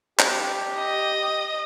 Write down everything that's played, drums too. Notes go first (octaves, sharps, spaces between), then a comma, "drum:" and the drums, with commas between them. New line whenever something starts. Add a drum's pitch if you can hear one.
G4, drum: clap
D#5